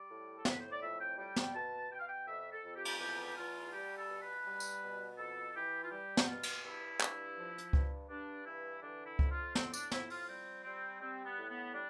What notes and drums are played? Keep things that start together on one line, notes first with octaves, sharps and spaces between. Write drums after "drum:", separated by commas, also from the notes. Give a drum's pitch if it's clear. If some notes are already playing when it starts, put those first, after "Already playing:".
Already playing: G3 D5
A2
A4
A2 B4, drum: snare
C5
D5
F2 E5
G5
G3 G5
G5, drum: snare
B2 A5
B2 G5
F5
G5
F2 E5
A4
F2
G4
drum: cymbal
E2 G4
E2 F4
G3 G4
A4
B2
B4
G3
drum: tambourine
B2
F2 A4
E3 G4
F4
G3 G4
drum: snare
B2 F4
drum: cymbal
G2 E4
G2, drum: clap
F3
drum: hi-hat
G2, drum: kick C#2
G2 D4
E3 E4
D3 D4
E4
F2, drum: kick C#2
F4
A2 C4, drum: snare
D4, drum: tambourine
F3 E4, drum: snare
F4, drum: open hi-hat
G3 C4
G3 C4
G3 C4
B3
A2
B3
G3 D4